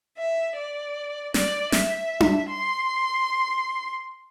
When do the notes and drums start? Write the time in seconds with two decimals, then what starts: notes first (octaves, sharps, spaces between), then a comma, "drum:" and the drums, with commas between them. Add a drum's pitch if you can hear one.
0.19 E5
0.57 D5
1.34 D5, drum: snare
1.72 E5, drum: snare
2.20 drum: tom D4
2.50 C6